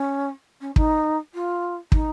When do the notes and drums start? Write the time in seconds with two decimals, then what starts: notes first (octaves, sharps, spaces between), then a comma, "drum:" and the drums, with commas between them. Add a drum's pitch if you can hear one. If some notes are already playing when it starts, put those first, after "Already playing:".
Already playing: C#4
0.61 C#4
0.76 D#4, drum: kick
1.34 F4
1.92 D#4, drum: kick